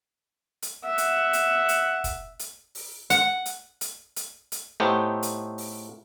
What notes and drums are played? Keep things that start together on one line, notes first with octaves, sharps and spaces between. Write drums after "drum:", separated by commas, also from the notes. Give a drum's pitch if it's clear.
drum: hi-hat
E5 F#5
drum: hi-hat
drum: hi-hat
drum: hi-hat
drum: kick, hi-hat
drum: hi-hat
drum: open hi-hat
F#5, drum: hi-hat
drum: hi-hat
drum: hi-hat
drum: hi-hat
drum: hi-hat
A2 A3 B3 D#4 G4 C5
drum: hi-hat
drum: open hi-hat